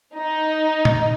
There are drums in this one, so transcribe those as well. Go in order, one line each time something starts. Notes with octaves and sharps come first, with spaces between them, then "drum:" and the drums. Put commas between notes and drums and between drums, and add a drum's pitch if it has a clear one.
D#4
drum: tom A#2